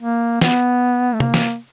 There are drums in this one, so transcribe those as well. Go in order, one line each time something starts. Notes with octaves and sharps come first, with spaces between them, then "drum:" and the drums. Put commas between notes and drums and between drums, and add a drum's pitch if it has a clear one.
A#3
B3, drum: snare
A3
A#3, drum: tom C3
drum: snare